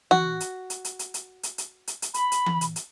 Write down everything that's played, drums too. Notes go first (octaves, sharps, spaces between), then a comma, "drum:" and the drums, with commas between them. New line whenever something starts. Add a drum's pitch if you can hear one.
F#4, drum: tom E3
drum: hi-hat
drum: hi-hat
drum: hi-hat
drum: hi-hat
drum: hi-hat
drum: hi-hat
drum: hi-hat
drum: hi-hat
drum: hi-hat
B5, drum: hi-hat
drum: hi-hat
drum: tom E3
drum: hi-hat
drum: hi-hat